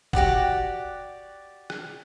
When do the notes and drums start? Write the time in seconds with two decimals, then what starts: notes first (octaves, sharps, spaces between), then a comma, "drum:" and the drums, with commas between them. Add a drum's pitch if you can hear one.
0.13 F#4 G4 D5 F#5, drum: kick
1.70 drum: rim click